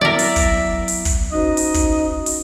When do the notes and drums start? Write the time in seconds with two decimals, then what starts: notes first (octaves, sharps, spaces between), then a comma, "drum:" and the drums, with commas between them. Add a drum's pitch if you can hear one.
0.01 F#3 B3 E4 A#4 D5 E5
0.19 drum: open hi-hat
0.36 drum: kick, hi-hat
0.88 drum: open hi-hat
1.05 drum: kick, hi-hat
1.32 C#4 D#4 F#4 C5 D#5
1.57 drum: open hi-hat
1.74 drum: kick, hi-hat
2.26 drum: open hi-hat